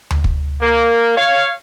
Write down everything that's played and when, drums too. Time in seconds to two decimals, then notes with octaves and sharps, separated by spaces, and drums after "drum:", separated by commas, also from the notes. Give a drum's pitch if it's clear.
0.11 drum: tom D2
0.24 drum: kick
0.62 A#3
1.17 C#5 F5